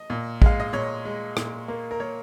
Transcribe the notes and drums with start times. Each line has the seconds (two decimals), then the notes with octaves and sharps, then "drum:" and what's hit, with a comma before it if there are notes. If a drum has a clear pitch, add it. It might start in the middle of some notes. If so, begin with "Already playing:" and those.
Already playing: D#5
0.10 A#2
0.42 G#3 F5, drum: kick
0.60 D#5
0.73 A#2 C#5
1.05 G#3
1.37 A#2, drum: rim click
1.68 A#3
1.91 A#4
2.00 A#3 C#5